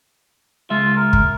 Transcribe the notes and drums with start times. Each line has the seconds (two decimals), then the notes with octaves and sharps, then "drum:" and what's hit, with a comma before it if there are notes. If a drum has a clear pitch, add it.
0.70 C#2 G#3 F4 E5
0.96 A#4
1.13 drum: kick G1